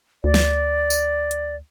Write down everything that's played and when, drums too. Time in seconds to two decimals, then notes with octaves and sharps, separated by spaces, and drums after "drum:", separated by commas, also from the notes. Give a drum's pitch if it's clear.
0.24 D2 D5
0.34 drum: snare
0.90 drum: tambourine
1.31 drum: hi-hat